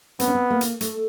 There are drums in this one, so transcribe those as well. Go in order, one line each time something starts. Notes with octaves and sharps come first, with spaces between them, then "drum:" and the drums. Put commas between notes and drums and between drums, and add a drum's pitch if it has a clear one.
B3 C4, drum: hi-hat
C#4
C4
A#3
drum: hi-hat
A3, drum: hi-hat